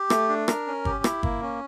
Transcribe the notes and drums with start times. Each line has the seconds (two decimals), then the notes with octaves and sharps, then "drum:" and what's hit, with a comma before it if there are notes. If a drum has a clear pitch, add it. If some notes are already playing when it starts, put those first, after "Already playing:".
Already playing: G4
0.10 A3, drum: rim click
0.29 D4
0.48 A#4, drum: rim click
0.67 C#4
0.85 G4, drum: kick G1
1.04 E4, drum: rim click
1.23 A#3, drum: kick G1
1.42 C#4